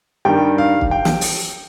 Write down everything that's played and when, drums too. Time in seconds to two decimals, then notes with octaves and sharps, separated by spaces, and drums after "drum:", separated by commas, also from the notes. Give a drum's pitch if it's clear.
0.25 G2 D#3 G3 G5
0.58 F5
0.81 drum: kick
0.91 G5
1.05 drum: snare
1.21 drum: open hi-hat